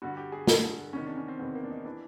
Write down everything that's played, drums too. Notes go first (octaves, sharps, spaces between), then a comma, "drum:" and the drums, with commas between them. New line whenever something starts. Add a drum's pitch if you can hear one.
G2 D3 F#4
G4
G#4
G2 D3 A4, drum: snare
G#4
E2 C3 D#3 C#4
D4
C#4
C4
E2 C3 D#3 B3
A#3
D4
D#4
E3 D4